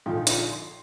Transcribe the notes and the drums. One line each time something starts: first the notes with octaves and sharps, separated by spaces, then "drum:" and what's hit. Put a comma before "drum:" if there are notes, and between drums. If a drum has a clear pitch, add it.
A#1 D3 F3 D#4 G5
drum: hi-hat
C6